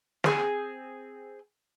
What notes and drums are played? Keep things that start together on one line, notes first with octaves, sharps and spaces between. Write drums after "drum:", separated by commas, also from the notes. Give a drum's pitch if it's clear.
C4 G#4, drum: snare